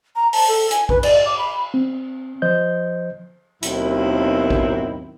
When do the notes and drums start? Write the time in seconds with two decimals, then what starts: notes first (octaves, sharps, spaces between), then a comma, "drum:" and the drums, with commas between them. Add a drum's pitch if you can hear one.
0.16 A#5
0.33 A5, drum: open hi-hat
0.49 A4
0.71 G#5, drum: hi-hat
0.89 B4, drum: kick A#1
1.03 D5, drum: cymbal
1.26 D6
1.38 B5
1.74 C4
2.42 F3 C5 D#5 G6
3.63 D#2 B2 D#3 F#3 C4 E4, drum: hi-hat
4.50 drum: kick A#1